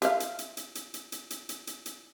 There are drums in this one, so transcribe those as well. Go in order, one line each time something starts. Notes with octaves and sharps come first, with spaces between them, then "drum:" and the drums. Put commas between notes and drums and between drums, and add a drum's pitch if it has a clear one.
G4 E5 F5, drum: hi-hat
drum: hi-hat
drum: hi-hat
drum: hi-hat
drum: hi-hat
drum: hi-hat
drum: hi-hat
drum: hi-hat
drum: hi-hat
drum: hi-hat
drum: hi-hat